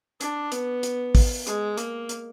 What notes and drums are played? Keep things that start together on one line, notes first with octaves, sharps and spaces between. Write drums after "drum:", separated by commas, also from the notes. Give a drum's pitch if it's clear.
D4, drum: hi-hat
B3, drum: hi-hat
drum: hi-hat
drum: kick, open hi-hat
G#3, drum: hi-hat
A#3, drum: hi-hat
drum: hi-hat